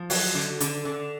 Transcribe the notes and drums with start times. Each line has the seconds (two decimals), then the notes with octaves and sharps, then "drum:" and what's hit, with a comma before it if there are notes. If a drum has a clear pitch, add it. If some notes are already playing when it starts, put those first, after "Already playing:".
Already playing: F3
0.10 F#3, drum: open hi-hat
0.34 D3
0.60 D3, drum: hi-hat
0.85 D3